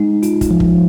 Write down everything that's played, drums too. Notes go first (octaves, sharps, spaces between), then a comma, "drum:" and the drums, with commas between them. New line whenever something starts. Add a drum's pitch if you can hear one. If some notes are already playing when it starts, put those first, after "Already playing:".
Already playing: G#3 D#4
F4, drum: hi-hat
drum: kick, hi-hat
F3
drum: kick